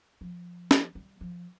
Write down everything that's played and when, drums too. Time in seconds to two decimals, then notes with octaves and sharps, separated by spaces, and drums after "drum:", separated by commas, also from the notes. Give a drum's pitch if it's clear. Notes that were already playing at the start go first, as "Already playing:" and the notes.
0.21 F3
0.71 drum: snare
0.95 G3
1.21 F3